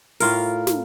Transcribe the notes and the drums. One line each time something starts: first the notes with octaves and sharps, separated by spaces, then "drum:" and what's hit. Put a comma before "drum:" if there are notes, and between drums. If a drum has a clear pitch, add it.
A2 F4 A#4, drum: open hi-hat
drum: snare